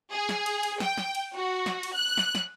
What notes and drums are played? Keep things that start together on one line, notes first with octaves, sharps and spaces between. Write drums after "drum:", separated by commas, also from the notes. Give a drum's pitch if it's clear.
G#4
drum: snare
drum: cymbal
drum: cymbal
G5, drum: snare
drum: snare
drum: cymbal
F#4
drum: snare
drum: cymbal
F#6
drum: snare
drum: snare